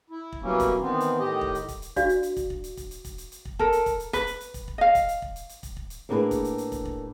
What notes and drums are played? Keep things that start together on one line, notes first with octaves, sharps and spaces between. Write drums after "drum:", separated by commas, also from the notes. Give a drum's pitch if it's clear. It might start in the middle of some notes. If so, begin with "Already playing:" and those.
E4
drum: kick
B2 E3 F#3 G3 A#3 C#4
drum: kick, hi-hat
D#3 E3 B3 C4
drum: hi-hat
A2 D#3 G4 D#5
drum: kick
drum: hi-hat
drum: kick, hi-hat
drum: hi-hat
D4 F#4 D5 F5, drum: kick, hi-hat
drum: hi-hat
drum: hi-hat
drum: kick, hi-hat
drum: kick
drum: hi-hat
drum: kick, hi-hat
drum: hi-hat
drum: kick, hi-hat
drum: hi-hat
drum: hi-hat
drum: kick
A4 A#4, drum: kick
drum: hi-hat
drum: kick, hi-hat
drum: hi-hat
B4, drum: kick, hi-hat
drum: hi-hat
drum: hi-hat
drum: kick, hi-hat
drum: kick
D#5 F5
drum: kick, hi-hat
drum: hi-hat
drum: kick
drum: hi-hat
drum: hi-hat
drum: kick, hi-hat
drum: kick
drum: hi-hat
A2 A#3 D4 F#4 G#4 B4
drum: kick, hi-hat
drum: hi-hat
drum: hi-hat
drum: kick, hi-hat
drum: kick